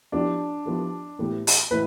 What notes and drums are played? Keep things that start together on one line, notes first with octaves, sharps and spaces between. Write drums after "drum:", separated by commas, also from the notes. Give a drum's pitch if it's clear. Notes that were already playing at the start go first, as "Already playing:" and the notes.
F3 B3 D4 E4 G4
F3 B3 E4 G4
A2 E3 B3 E4 G4
drum: open hi-hat
A2 E3 E4 B4